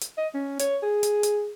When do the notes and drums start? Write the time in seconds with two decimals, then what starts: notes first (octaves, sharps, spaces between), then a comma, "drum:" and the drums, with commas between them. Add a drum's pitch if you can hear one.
0.02 drum: hi-hat
0.17 D#5
0.34 C#4
0.60 C#5, drum: hi-hat
0.83 G#4
1.03 drum: hi-hat
1.23 drum: hi-hat